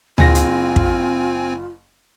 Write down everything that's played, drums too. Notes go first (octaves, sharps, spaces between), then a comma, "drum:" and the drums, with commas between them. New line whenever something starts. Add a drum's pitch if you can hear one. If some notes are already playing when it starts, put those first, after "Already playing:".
F#1 C4 F4 G#4 G#5 A#6, drum: tom D2
drum: hi-hat
drum: kick